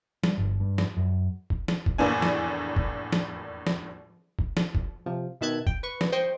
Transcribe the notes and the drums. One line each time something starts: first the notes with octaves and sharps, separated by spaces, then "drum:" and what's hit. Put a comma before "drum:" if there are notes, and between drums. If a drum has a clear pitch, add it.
G3, drum: snare
G1
G2
drum: snare
F#2
drum: kick
drum: snare
drum: kick
F1 E2 A2 A#3 D4 G#5
drum: snare
drum: kick
drum: snare
drum: snare
drum: kick
drum: snare
drum: kick
C3 F3
B2 D#3 E5 A5 F#6 G#6
G5, drum: kick
B4 C#6
drum: snare
C5 D#5 G5 C#6